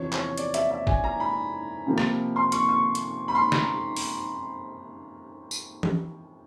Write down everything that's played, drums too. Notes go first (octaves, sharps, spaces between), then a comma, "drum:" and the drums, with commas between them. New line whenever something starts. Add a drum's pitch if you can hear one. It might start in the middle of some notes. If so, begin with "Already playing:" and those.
Already playing: E2 C3 F3 C#5
C#5, drum: clap
D5, drum: hi-hat
E5, drum: hi-hat
E5
G#5, drum: kick G1
A#5
B5
C3 F3 A#3
drum: rim click
C6
C#6, drum: hi-hat
C#6
drum: hi-hat
B5
C6
A#5, drum: snare
drum: open hi-hat
drum: tambourine
drum: tom E3